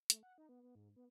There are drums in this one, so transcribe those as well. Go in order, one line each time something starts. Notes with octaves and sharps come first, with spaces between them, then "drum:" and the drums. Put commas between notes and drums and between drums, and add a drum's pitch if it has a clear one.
A3, drum: hi-hat
F#5
D#4
B3
B3
G#2
B3